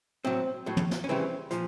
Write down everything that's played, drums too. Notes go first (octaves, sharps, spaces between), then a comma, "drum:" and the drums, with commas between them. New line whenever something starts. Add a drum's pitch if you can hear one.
A2 F#3 C4
A2 F#3
drum: tom
drum: snare
C#4
C#3 E3 G3 C4
A#2 F3, drum: hi-hat